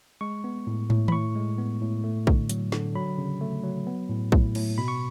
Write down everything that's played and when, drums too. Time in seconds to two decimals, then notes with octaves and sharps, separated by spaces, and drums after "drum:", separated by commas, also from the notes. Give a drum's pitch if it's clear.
0.21 G#3 C#6
0.44 B3
0.67 A2
0.90 A2, drum: tom
1.08 B5, drum: tom D#3
1.12 A2 C#6
1.35 G#3
1.58 B3
1.81 A2
2.04 A3
2.27 D3, drum: kick
2.49 F#3, drum: hi-hat
2.72 D3, drum: snare
2.95 F#3 B5
3.18 C#3
3.41 A3
3.64 F#3
3.87 B3
4.09 A2
4.32 A2, drum: kick
4.55 A2, drum: cymbal
4.78 B2 B5
4.88 C#6